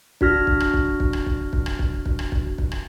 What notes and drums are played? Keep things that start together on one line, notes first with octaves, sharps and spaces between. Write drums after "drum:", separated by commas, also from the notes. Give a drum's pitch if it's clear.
D4 F#4 F6 A#6, drum: kick
drum: kick
drum: rim click
drum: kick
drum: kick
drum: rim click
drum: kick
drum: kick
drum: rim click
drum: kick
drum: kick
drum: rim click
drum: kick
drum: kick
drum: rim click